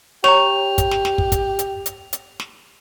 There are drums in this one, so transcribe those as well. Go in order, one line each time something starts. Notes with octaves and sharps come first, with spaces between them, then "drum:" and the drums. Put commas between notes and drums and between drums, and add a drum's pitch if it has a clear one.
G4 C#5 A#5 C#6 F7, drum: snare
drum: kick, hi-hat
drum: snare
drum: snare
drum: kick
drum: kick, hi-hat
drum: hi-hat
drum: hi-hat
drum: hi-hat
drum: snare